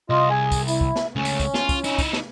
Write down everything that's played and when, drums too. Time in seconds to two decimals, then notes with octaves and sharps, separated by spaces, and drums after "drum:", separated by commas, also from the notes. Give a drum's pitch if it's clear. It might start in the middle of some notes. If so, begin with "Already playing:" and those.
0.10 C2 F4 D#5
0.30 G#4 G#5
0.52 drum: kick, tambourine
0.68 E4, drum: tambourine
0.81 drum: kick
0.96 drum: snare
1.16 C#2 A3 C#4
1.25 drum: tambourine
1.40 drum: kick, tambourine
1.54 F4, drum: snare
1.69 drum: kick, tambourine
1.84 D#4 E4, drum: tambourine
1.98 drum: kick, tambourine
2.13 drum: snare